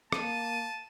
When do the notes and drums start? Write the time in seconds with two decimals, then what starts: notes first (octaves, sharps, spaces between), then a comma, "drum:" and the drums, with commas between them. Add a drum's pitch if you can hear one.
0.12 A#3 A5 D#7, drum: rim click